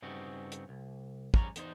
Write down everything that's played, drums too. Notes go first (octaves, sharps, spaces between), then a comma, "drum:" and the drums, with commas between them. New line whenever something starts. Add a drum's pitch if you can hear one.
G2 C#3 C4 D#4 F#4
drum: hi-hat
C2
G#2 G3 C#4 C#5 F5 A#5, drum: kick
E2 D#4 C5, drum: hi-hat